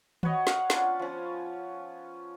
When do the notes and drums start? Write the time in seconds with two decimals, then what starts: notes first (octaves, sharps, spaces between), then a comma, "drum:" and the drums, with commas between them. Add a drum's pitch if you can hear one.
0.23 F#4 B4 C#5 D#5, drum: tom D#3
0.47 F5 F#5, drum: snare
0.70 B3 C#4 D4 F4, drum: snare
0.99 F3 C#4